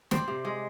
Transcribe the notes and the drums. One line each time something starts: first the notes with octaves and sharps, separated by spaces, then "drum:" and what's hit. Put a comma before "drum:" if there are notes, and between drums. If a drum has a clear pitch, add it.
C4 C5 D5, drum: snare
C3
G#3